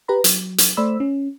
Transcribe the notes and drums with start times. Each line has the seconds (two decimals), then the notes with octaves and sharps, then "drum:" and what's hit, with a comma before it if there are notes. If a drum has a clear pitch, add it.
0.08 G4 B4 A#5 B5
0.24 F#3, drum: hi-hat
0.58 drum: hi-hat
0.77 A3 C5 D5 B5 E6
1.00 C#4